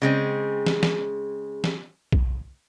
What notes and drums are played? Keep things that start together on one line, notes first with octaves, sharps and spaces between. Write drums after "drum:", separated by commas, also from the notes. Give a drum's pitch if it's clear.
C#3 G#3 C4
drum: snare
drum: snare
drum: snare
drum: kick B1